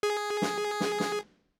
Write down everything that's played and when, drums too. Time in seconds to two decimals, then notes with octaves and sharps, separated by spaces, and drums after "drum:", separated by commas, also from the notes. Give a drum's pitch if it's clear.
0.03 G#4
0.42 drum: snare
0.80 drum: snare
1.00 drum: snare